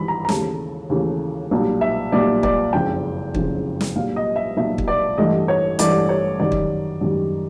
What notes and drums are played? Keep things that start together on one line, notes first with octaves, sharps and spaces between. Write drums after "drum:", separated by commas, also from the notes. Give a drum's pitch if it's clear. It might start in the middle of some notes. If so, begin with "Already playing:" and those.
Already playing: G#1 G2 E3 G3 B5
A#5
A#5
D#2 C#3 E3 A3 A5, drum: snare
D#2 C#3 E3 A3
B1 A#2 G3
E5
B1 A#2 G3 D5
D5, drum: kick
F#1 F2 C#3 G5
F#1 F2 C#3, drum: kick
drum: snare
B1 A#2 G3 F5
D#5
E5
B1 A#2 G3 E5
drum: kick
D5
A1 G2 E3 A3 D#5
C#5
A1 G2 E3 A3 D5, drum: hi-hat
C#5
F#2 D#3 G3 D5
drum: kick
F#2 D#3 G3